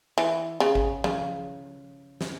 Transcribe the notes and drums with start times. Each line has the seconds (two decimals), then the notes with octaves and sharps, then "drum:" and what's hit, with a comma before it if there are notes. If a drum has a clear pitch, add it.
0.18 E3
0.60 C#3
0.75 drum: kick G#1
1.04 C#3, drum: tom F3
2.21 drum: snare